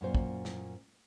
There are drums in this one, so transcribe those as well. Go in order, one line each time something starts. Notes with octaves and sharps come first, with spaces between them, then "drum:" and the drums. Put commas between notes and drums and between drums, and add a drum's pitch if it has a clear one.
F#2 A#2 C5
drum: kick
drum: snare